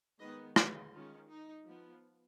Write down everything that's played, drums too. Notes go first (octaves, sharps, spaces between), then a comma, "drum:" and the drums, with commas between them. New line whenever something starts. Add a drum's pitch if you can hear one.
D#3 G#3 B3 B4 D#5
G#4 B4, drum: rim click
D#3 G#3 C#4 F4
D#4
F3 B3